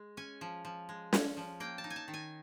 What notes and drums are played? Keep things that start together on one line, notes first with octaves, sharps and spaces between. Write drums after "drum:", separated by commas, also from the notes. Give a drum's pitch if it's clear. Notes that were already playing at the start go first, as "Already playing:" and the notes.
Already playing: G#3
C#4 G#5
F3
F3
G#3
C#4, drum: snare
F3
A#3 G5
A5
D#4
G#5
A5
D#3
G#5